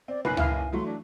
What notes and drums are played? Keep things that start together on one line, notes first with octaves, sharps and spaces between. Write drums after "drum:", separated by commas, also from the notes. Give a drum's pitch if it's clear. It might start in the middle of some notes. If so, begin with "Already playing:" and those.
C4 D5
F#1 B1 B4 G#5 C7
E4 F5, drum: tom C#2
E3 F#3 A3 C6
D4